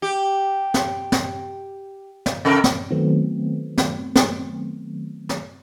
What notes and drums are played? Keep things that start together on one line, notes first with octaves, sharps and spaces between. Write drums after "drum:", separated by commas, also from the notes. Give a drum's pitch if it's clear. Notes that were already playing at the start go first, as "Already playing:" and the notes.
G4
drum: snare
drum: snare
drum: snare
C3 A4 A#4
drum: snare
D#3 F#3 A3 B3 C4
drum: snare
drum: snare
drum: snare